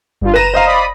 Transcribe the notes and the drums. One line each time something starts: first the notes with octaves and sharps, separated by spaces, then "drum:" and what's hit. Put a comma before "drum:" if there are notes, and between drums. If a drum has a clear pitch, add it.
G2 F4, drum: kick F#1
B4 A#5 A#6 D#7 E7
C5 D#5 F5
D5 B5 D#6